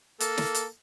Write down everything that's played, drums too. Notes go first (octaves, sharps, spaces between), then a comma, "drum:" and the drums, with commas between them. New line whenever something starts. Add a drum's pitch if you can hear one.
A#3 A4, drum: hi-hat
drum: snare
drum: hi-hat